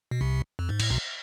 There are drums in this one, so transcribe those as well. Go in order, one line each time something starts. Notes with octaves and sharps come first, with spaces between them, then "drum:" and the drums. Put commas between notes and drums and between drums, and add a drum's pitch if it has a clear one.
B2
C2 C3
F2
G#2
A2, drum: cymbal
B1 B2